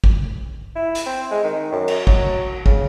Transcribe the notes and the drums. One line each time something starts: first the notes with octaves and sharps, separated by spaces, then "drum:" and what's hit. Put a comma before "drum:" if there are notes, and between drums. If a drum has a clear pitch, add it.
drum: kick
E4
drum: hi-hat
C4
G#3
D#3
F#2
drum: cymbal
F#3, drum: kick
C#3, drum: kick